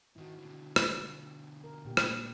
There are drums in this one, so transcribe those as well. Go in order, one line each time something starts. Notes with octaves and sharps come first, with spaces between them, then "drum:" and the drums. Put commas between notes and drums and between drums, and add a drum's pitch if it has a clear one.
G#2 D#3 E4 F#4
B2 D3
drum: rim click
A#4
A#2 G4
drum: rim click